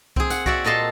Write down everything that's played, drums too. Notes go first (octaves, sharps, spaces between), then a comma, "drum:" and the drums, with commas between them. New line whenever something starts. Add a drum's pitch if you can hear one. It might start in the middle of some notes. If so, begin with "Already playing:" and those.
C4 G#4, drum: kick C2
F#5, drum: tambourine
F#4 D5 E5, drum: kick C2
A#2 A4 D#5 A5 C6